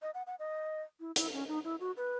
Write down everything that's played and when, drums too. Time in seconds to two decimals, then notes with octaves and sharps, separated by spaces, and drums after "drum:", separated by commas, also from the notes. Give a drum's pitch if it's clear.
0.02 D#5
0.14 F#5
0.27 F#5
0.39 D#5
1.00 E4
1.16 E4, drum: hi-hat
1.33 C#4
1.48 D#4
1.64 E4
1.80 F#4
1.97 B4